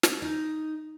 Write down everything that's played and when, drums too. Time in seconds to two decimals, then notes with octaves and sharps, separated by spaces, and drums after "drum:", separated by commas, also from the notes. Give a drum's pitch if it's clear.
0.03 drum: snare
0.22 D#4